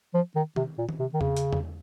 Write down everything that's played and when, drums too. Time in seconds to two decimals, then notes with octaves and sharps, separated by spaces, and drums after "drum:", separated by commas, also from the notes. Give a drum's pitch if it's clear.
0.14 F3
0.35 D#3
0.56 C3, drum: tom D#3
0.78 A#2
0.89 drum: tom D#3
0.99 C3
1.14 D#3
1.21 C#3, drum: tom E2
1.37 drum: hi-hat
1.53 drum: tom E2